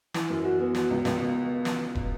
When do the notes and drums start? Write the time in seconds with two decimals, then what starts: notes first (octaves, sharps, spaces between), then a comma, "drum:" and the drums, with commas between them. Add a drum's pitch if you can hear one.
0.14 E3, drum: snare
0.30 F#2
0.44 F#4
0.59 B3
0.75 F#4, drum: snare
0.90 C#2
1.05 C#2, drum: snare
1.20 B2
1.65 drum: snare
1.95 drum: kick